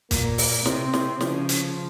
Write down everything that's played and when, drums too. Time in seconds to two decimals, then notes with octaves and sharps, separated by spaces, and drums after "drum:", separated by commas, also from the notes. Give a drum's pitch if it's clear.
0.11 A#2 A#3, drum: kick, hi-hat
0.38 drum: open hi-hat
0.66 C3 C4, drum: snare
0.93 drum: snare
1.21 C#3 F3, drum: snare
1.49 drum: hi-hat